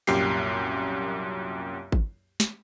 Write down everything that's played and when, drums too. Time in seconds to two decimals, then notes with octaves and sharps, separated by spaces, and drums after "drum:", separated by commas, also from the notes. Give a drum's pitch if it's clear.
0.07 C2 F#2 A#2 G4 C7, drum: open hi-hat
1.92 drum: kick G#1
2.40 drum: snare